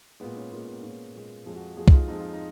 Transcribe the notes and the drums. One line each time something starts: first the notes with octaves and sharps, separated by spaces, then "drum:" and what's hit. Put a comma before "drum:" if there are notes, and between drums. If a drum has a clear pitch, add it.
A#2 G#3 B3
C#4
A#2 G#3 A#3
B3
A#2 G#3 C#4
A#2 G#3
F2 F3 G#3 G#4
F#4
F2 F3 G#3 G#4
D#4, drum: kick
F4
F2 F3 G#3 D#4
F4
D#4